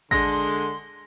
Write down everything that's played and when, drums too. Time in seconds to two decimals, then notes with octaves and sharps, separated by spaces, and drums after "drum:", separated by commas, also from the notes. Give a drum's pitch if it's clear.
0.11 D3 G#3 C6 A#6, drum: kick G#1